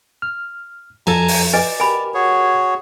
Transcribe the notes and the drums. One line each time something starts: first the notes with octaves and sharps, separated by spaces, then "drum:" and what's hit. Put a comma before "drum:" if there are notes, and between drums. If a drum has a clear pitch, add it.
F6
F2 F3 A4 G#5 A#5, drum: cymbal
drum: open hi-hat
B4 D5 D#5 G#5
G4 A#4 G#5 B5
F#4 G#4 C#5